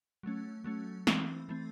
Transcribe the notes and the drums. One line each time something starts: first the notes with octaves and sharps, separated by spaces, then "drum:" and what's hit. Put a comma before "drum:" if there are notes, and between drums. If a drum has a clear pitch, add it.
F#3 A3 C#4
F#3 A3 C#4
E3 A3 C4, drum: snare
E3 A3 C4